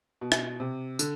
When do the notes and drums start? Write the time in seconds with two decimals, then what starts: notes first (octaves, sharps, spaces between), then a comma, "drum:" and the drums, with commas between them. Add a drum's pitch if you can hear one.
0.21 B2
0.32 drum: rim click
0.60 C3
0.99 D3, drum: tambourine